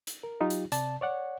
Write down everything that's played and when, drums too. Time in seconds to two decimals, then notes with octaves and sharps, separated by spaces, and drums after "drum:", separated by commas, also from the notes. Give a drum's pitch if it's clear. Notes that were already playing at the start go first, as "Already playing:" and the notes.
0.07 drum: hi-hat
0.23 A#4
0.40 F#3 D#4 F4 G4
0.50 drum: hi-hat
0.72 C3 D5 A5, drum: hi-hat
1.01 C#5 D5 F#5